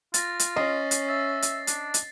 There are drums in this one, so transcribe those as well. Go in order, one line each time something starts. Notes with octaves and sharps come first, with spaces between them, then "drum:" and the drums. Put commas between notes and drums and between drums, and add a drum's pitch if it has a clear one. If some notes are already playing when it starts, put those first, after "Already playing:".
F4 A6 A#6, drum: hi-hat
drum: hi-hat
C#4 D#5 C7
drum: hi-hat
E5 A6
drum: hi-hat
D4, drum: hi-hat
drum: hi-hat